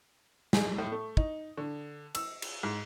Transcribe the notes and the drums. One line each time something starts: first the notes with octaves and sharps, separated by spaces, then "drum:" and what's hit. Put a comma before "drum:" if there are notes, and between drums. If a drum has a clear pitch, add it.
G#4, drum: snare
A2
A3
D#4, drum: kick
D3
E6, drum: cymbal
drum: cymbal
G#2